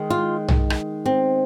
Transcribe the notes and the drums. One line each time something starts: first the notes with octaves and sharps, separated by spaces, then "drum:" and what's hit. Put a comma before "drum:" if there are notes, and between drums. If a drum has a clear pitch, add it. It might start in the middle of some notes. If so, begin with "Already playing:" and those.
Already playing: D#3 G#3
F4
drum: tom
drum: rim click
C4